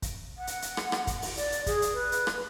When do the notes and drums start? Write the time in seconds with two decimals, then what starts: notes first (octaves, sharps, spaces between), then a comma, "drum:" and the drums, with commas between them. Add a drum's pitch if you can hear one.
0.02 drum: kick, hi-hat
0.38 F#5
0.47 drum: hi-hat
0.62 drum: hi-hat
0.77 drum: rim click
0.92 drum: rim click
1.07 drum: kick, hi-hat
1.22 drum: open hi-hat
1.37 D5, drum: hi-hat
1.52 drum: hi-hat
1.66 G#4, drum: kick, hi-hat
1.82 drum: hi-hat
1.93 B4
2.12 drum: hi-hat
2.27 drum: rim click